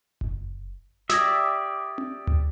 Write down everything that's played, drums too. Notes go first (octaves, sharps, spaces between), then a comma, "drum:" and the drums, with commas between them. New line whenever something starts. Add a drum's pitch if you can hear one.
drum: kick F#1
G4 D5 E5 D#6 G#6 A#6, drum: snare
drum: tom C4
drum: tom D2